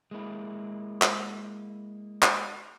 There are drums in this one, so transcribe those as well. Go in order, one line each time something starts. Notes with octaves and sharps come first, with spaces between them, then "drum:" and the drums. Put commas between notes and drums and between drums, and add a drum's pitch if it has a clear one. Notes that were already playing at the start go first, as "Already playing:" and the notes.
G#3 A#3 E4
drum: clap
drum: clap